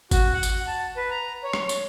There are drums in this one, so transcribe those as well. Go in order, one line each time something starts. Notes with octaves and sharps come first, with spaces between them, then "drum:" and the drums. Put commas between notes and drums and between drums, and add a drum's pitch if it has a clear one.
F#4, drum: kick G#1, tambourine
F#5
drum: tambourine
A5
B4
A#5
C#5
drum: rim click
drum: tambourine